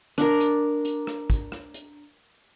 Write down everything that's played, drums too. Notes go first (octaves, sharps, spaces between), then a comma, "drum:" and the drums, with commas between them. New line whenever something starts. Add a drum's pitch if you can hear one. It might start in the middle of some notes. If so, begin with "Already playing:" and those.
D4 A#4, drum: rim click
drum: hi-hat
drum: hi-hat
drum: rim click
drum: kick, hi-hat
drum: rim click
drum: hi-hat